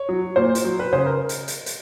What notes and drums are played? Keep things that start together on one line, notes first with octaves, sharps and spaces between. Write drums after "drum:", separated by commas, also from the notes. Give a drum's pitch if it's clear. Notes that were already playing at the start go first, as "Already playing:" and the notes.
Already playing: C#5
F#3
A#2 C5
drum: hi-hat
F#3
B4
C#3 C5
A#4
drum: hi-hat
drum: hi-hat
drum: hi-hat